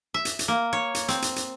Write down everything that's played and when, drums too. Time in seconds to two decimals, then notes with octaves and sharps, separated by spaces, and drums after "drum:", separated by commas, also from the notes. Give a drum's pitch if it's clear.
0.14 E5
0.25 drum: hi-hat
0.39 drum: hi-hat
0.48 A#3
0.73 C#5
0.95 drum: hi-hat
1.08 C4, drum: hi-hat
1.22 drum: hi-hat
1.36 drum: hi-hat